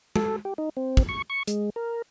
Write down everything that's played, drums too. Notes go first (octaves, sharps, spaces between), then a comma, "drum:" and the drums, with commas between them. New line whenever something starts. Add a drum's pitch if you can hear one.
A4, drum: tom G#3
G4
D#4
C4
drum: kick
C#6
C#6
G#3, drum: hi-hat
A#4